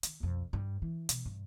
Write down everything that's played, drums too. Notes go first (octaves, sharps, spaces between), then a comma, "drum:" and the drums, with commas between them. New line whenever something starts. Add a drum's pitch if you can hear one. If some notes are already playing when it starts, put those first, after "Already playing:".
D#3, drum: hi-hat
B1 F2
G2
E3
B2, drum: hi-hat
G2